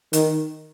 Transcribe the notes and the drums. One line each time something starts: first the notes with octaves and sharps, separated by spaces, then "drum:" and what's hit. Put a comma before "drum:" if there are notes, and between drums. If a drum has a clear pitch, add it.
D#3, drum: hi-hat